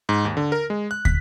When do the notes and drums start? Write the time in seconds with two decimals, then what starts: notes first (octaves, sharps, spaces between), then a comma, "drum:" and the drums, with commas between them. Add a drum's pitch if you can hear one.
0.09 G#2
0.25 D#2
0.37 D3
0.52 A#4
0.70 G#3
0.91 F#6
1.05 B6, drum: kick